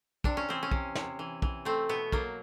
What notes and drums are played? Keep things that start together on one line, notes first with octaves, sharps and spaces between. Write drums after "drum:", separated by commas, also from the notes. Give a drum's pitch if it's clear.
C3 D4, drum: kick
C#4
E3 C4
C#4
C3, drum: kick
C3, drum: snare
E3
E3, drum: kick
A3 C4
B2 B3
F#3 A#3, drum: kick